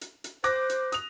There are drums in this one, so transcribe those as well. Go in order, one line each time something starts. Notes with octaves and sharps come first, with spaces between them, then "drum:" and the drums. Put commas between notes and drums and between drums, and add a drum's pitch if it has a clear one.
drum: hi-hat
drum: hi-hat
C5 D6 F#6 A#6, drum: hi-hat
drum: hi-hat
D#6 F7, drum: hi-hat